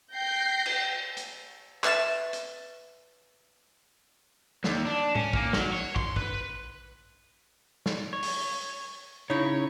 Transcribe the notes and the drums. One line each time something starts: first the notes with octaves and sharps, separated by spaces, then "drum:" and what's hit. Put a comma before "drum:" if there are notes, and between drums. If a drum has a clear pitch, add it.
G5 G6 A#6 C7
drum: cymbal
drum: hi-hat
B4 E5 A6 E7, drum: clap
drum: hi-hat
D#2, drum: snare
D4
C#4, drum: tom A2
A#3, drum: kick
F#3, drum: snare
C#5
C6, drum: kick
B4, drum: kick
drum: snare
C#5
drum: open hi-hat
C#3 D#4 E4 C#5